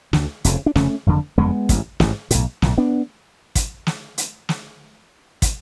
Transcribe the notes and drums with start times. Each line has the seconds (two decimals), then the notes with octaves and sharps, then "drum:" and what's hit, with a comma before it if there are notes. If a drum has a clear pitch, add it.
0.13 D2 D3, drum: snare
0.44 F1 F2 C#3, drum: hi-hat
0.66 D4
0.75 F1 F2 C#3 A3 C#4, drum: snare
1.06 F#1 F2 D3
1.38 F#1 F2 D3 G#3 B3
1.69 A1 G#2, drum: kick, hi-hat
2.00 A1 G#2, drum: snare
2.31 B1 A2, drum: hi-hat
2.62 B1 A2, drum: snare
2.78 B3 D4
3.55 drum: kick, hi-hat
3.87 drum: snare
4.18 drum: hi-hat
4.49 drum: snare
5.42 drum: kick, hi-hat